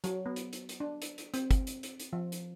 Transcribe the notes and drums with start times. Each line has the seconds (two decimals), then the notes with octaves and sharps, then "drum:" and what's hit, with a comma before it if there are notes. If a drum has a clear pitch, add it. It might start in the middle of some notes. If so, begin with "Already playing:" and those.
0.04 F#3, drum: hi-hat
0.26 B3
0.36 drum: hi-hat
0.53 drum: hi-hat
0.69 drum: hi-hat
0.80 D4
1.02 drum: hi-hat
1.18 drum: hi-hat
1.34 C4, drum: hi-hat
1.51 drum: kick, hi-hat
1.67 drum: hi-hat
1.83 drum: hi-hat
2.00 drum: hi-hat
2.13 F3
2.32 drum: hi-hat